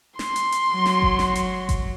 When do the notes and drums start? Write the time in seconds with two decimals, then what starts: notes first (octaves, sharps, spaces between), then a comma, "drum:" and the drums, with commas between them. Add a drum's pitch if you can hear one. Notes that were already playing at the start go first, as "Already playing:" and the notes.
0.19 C6, drum: snare
0.36 drum: hi-hat
0.52 drum: hi-hat
0.74 F#3
0.86 drum: snare
1.02 drum: kick G1
1.19 drum: snare
1.35 drum: hi-hat
1.69 drum: kick G1, hi-hat